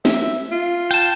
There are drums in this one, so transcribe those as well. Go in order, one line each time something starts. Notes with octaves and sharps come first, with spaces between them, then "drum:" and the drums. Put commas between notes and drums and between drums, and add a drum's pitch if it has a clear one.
E5, drum: snare
F4
G5 A5, drum: tambourine